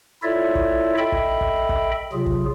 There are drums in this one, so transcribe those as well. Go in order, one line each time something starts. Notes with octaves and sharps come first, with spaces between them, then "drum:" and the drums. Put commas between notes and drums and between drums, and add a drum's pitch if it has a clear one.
E4 F4 A4 C#5 D5 E5
drum: kick
A4 D#5 E5 G5 B5
drum: kick
drum: kick
drum: kick
C3 F#3 F4 G#4
drum: kick